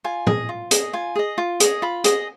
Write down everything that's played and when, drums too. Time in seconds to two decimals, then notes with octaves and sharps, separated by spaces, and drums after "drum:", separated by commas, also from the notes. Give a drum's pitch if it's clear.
0.04 F4 G#5
0.27 G#4 D#5, drum: tom
0.49 F4
0.71 G#4 D#5, drum: hi-hat
0.93 F4 G#5
1.16 G#4 D#5
1.38 F4
1.60 G#4 D#5, drum: hi-hat
1.82 F4 B5
2.04 G#4 D#5, drum: hi-hat